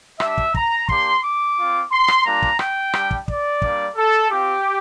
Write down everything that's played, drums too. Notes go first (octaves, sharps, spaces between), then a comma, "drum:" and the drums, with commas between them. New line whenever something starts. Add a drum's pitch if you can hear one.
G3 D4 G4 E5, drum: rim click
drum: kick
A#5, drum: kick
A#3 D4 G4 C6, drum: kick
D6
C4 F4
C6
drum: rim click
G3 A#3 D4 F4 A#5
drum: kick
G5, drum: rim click
G3 D4 G4, drum: rim click
drum: kick
D5, drum: kick
G3 A#3 D4, drum: kick
A4
C4 F4 G4